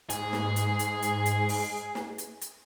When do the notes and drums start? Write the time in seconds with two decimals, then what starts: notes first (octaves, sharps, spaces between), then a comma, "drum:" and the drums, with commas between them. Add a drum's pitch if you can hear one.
0.10 G#2 G#4, drum: hi-hat
0.33 drum: snare
0.56 drum: hi-hat
0.79 drum: hi-hat
1.02 drum: hi-hat
1.26 drum: hi-hat
1.49 drum: open hi-hat
1.95 drum: snare
2.18 drum: hi-hat
2.41 drum: hi-hat